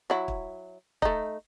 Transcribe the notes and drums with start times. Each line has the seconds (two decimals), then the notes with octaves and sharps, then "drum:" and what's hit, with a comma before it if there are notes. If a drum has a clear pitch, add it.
0.10 F#3 E4
0.28 drum: kick
1.02 A3 D#4, drum: kick